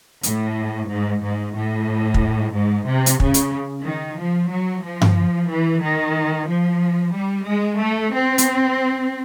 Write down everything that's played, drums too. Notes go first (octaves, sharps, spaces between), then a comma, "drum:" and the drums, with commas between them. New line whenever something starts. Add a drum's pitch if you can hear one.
A2, drum: hi-hat
G#2
G#2
A2
drum: kick
G#2
C3
drum: hi-hat
C#3, drum: kick
drum: hi-hat
D#3
F3
F#3
F3
drum: tom G2
E3
D#3
F3
G3
G#3
A3
C4
drum: hi-hat